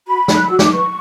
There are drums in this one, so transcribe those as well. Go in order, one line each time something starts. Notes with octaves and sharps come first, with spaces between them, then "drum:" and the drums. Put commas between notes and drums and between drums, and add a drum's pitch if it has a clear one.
F#4 B5
B4, drum: snare
F#6
F#4 E6
D6, drum: snare
B4 C#6